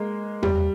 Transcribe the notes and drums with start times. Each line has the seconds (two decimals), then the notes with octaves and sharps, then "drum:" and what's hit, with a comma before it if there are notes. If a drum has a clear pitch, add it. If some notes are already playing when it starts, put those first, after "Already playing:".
Already playing: G#3 A#3
0.43 G3, drum: tom E2